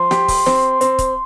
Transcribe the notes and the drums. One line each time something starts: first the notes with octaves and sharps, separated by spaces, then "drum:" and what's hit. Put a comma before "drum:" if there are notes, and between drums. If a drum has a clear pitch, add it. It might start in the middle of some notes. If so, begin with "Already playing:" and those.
Already playing: F3 C6
G4, drum: snare
drum: kick, open hi-hat
C4, drum: snare
C4, drum: hi-hat
drum: kick, hi-hat